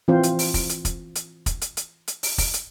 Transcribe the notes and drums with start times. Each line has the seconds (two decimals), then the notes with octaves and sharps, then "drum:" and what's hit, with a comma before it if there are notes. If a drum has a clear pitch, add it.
0.08 E3 C4 F4 C5
0.23 drum: hi-hat
0.39 drum: open hi-hat
0.54 drum: kick, open hi-hat
0.69 drum: hi-hat
0.85 drum: kick, hi-hat
1.15 drum: hi-hat
1.46 drum: kick, hi-hat
1.61 drum: hi-hat
1.77 drum: hi-hat
2.08 drum: hi-hat
2.23 drum: open hi-hat
2.38 drum: kick, open hi-hat
2.54 drum: hi-hat